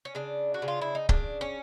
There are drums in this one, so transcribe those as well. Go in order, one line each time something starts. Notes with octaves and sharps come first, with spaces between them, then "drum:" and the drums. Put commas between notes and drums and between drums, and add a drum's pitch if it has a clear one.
C#4
C#3 D4
F#4
C#3
F4
E4
D#4
C#3 D4, drum: kick C#1
C#4